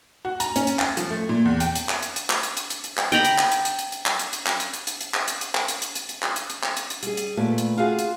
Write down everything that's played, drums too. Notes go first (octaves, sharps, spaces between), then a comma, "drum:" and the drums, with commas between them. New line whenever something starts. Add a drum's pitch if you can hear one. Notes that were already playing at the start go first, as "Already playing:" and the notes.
F#4
A#5, drum: hi-hat
C#4, drum: hi-hat
drum: hi-hat
A6, drum: clap
F3, drum: hi-hat
A3
A#2
E2
G5, drum: hi-hat
drum: hi-hat
drum: clap
drum: hi-hat
drum: hi-hat
drum: clap
drum: hi-hat
drum: hi-hat
drum: hi-hat
drum: hi-hat
drum: clap
G5 A#5 B5, drum: hi-hat
drum: hi-hat
drum: clap
drum: hi-hat
drum: hi-hat
drum: hi-hat
drum: hi-hat
drum: clap
drum: hi-hat
drum: hi-hat
drum: clap
drum: hi-hat
drum: hi-hat
drum: hi-hat
drum: hi-hat
drum: clap
drum: hi-hat
drum: hi-hat
drum: clap
drum: hi-hat
drum: hi-hat
drum: hi-hat
drum: hi-hat
drum: clap
drum: hi-hat
drum: hi-hat
drum: clap
drum: hi-hat
drum: hi-hat
G3 G#4, drum: hi-hat
drum: hi-hat
A#2 A3 G4 B4
drum: hi-hat
F4 F#4 G#4 F5
drum: hi-hat